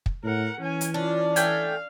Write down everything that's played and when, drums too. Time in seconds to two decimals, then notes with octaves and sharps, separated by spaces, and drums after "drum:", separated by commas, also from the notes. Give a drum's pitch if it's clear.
0.06 drum: kick
0.24 A2 A#4 F#5
0.60 E3 C#4 G#5
0.81 drum: hi-hat
0.94 C#4 D4 F4
1.36 A3 F5 G5 G#5, drum: hi-hat